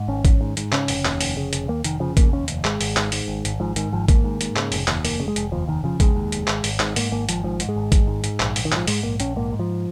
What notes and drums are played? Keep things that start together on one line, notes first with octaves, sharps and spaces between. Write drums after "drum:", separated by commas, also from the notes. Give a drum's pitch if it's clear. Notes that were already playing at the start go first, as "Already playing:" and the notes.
Already playing: G#2
G#1 C#4
G#1, drum: kick A1, hi-hat
G#2
G#2, drum: hi-hat
C#3 C#4, drum: clap
F1, drum: open hi-hat
D#2, drum: clap
F1, drum: open hi-hat
C#3
F1, drum: hi-hat
D#2 A#3
F1 D#3, drum: hi-hat
C#3 F3
F1 A#3, drum: kick A1, hi-hat
D#2 C#4
F1, drum: hi-hat
G#1 G#3, drum: clap
G#1, drum: open hi-hat
G#2, drum: clap
G#2, drum: open hi-hat
G#1
G#1, drum: hi-hat
G#2 F3
G#2 D#3, drum: hi-hat
G#1 F3
G#1 A#3, drum: kick A1, hi-hat
G#2
G#2, drum: hi-hat
C#3, drum: clap
F1, drum: open hi-hat
D#2, drum: clap
F1 A#3, drum: open hi-hat
C#3
G#3
F1, drum: hi-hat
D#2 F3
F1 D#3
C#3 F3
F1 G#3, drum: kick A1, hi-hat
D#2
F1, drum: hi-hat
G#1, drum: clap
G#1, drum: open hi-hat
G#2, drum: clap
G#2 A#3, drum: open hi-hat
G#1 A#3
G#1 F3, drum: hi-hat
G#2 F3
G#2, drum: hi-hat
G#3
G#1
G#1, drum: kick A1, hi-hat
G#2
G#2, drum: hi-hat
A#1, drum: clap
A#1, drum: open hi-hat
D#3
G#2 F3, drum: clap
G#2 G#3, drum: open hi-hat
A#1 A#3
A#1 C#4, drum: hi-hat
G#2 A#3
G#2
F3